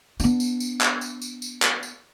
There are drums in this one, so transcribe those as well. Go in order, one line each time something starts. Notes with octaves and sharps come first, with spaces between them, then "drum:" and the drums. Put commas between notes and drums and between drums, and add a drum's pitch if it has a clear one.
B3 D4, drum: tambourine
drum: tambourine
drum: tambourine
drum: clap
drum: tambourine
drum: tambourine
drum: tambourine
drum: clap
drum: tambourine